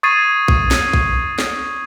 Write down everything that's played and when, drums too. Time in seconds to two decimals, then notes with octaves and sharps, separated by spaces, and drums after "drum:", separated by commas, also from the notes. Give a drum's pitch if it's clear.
0.03 C#6 D#6 G#6 A6 C7 D#7
0.48 drum: kick A#1
0.71 drum: snare
0.93 drum: kick A#1
1.39 drum: snare